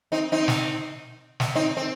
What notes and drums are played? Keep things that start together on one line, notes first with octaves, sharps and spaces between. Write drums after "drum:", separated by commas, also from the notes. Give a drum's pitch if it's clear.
C4 D#4
C4 D#4
drum: snare
drum: snare
C4 D#4
C4